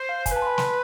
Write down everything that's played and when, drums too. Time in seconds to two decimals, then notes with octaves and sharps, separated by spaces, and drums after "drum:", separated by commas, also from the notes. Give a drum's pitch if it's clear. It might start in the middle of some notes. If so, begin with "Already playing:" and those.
Already playing: C5
0.09 F5
0.26 B4 C5 G#5, drum: kick, hi-hat
0.36 A5
0.42 C6
0.47 B5
0.58 C6, drum: snare